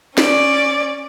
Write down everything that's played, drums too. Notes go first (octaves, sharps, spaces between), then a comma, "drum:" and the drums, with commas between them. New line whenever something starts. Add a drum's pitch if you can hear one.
C#4 D5, drum: snare